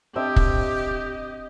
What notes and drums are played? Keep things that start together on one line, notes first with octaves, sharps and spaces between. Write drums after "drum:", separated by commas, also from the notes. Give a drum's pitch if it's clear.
C4 D4 G4 D#5 E5
drum: kick